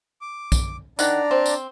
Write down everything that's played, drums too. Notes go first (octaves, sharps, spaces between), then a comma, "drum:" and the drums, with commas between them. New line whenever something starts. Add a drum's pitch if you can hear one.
D6
drum: kick, tambourine
D#3 D4 D5 F#5 A#5, drum: tambourine
C4
drum: tambourine